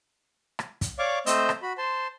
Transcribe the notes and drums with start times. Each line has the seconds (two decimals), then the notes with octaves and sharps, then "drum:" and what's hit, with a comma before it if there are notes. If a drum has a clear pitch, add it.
0.59 drum: rim click
0.81 drum: kick, hi-hat
0.99 C#5 D5 F5 C#6 D6
1.26 A3 C4 C5 D#5 E6 G6, drum: hi-hat
1.49 drum: rim click
1.62 F#4 B5
1.78 C5 A5 C6